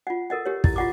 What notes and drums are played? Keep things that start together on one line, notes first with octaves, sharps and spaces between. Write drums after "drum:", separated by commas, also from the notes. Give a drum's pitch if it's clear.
F4 F#5
A4 A#4 D#5 F#5
G4 A#4 C#5
E4 D#5, drum: kick
F4 D#5 F#5 C#6 D6